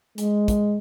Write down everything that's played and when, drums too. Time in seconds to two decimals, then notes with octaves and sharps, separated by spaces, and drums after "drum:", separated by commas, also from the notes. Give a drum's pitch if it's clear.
0.18 G#3, drum: hi-hat
0.48 drum: kick, hi-hat